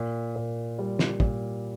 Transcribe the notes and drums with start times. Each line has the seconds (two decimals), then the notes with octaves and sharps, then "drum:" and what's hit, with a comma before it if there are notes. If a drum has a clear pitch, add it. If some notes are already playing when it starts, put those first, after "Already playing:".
Already playing: A#2
0.36 A#2
0.79 G3
0.99 drum: snare
1.20 A#2, drum: kick